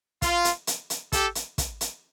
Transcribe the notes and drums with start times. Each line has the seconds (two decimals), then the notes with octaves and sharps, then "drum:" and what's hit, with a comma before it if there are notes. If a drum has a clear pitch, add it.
0.22 F4, drum: kick, hi-hat
0.45 drum: hi-hat
0.67 drum: hi-hat
0.90 drum: hi-hat
1.12 G4 A4, drum: kick, hi-hat
1.35 drum: hi-hat
1.58 drum: kick, hi-hat
1.81 drum: hi-hat